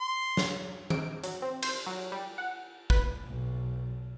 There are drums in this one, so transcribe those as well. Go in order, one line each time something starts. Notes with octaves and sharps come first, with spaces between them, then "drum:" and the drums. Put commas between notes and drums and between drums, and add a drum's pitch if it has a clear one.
C6
drum: snare
D7, drum: tom E3
F#3, drum: hi-hat
C4
C5, drum: cymbal
F#3
G3
F#5
B4, drum: kick
B1